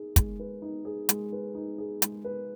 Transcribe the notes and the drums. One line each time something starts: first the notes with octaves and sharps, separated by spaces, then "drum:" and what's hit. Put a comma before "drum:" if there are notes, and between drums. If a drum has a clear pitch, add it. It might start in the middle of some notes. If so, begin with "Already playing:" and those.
Already playing: D#4 G#4
G#3, drum: kick, hi-hat
B4
D#4
G#4
G#3, drum: hi-hat
B4
D#4
G#4
G#3, drum: hi-hat
B4